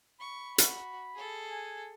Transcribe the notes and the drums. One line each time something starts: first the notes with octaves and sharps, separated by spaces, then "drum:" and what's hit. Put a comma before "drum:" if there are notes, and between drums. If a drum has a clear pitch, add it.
B5 C#6
F#4, drum: hi-hat
G#4 A4
G#5